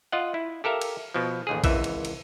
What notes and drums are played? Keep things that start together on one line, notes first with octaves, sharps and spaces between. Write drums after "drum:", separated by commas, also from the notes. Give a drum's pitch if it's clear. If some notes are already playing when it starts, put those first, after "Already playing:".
F4 D#5 F#5
E4
G4 A4 A#4 E5 F5
drum: cymbal
B2 F3
A1 D#2 G#4
G#1 C#2 E3 E5, drum: kick, cymbal
drum: cymbal
drum: cymbal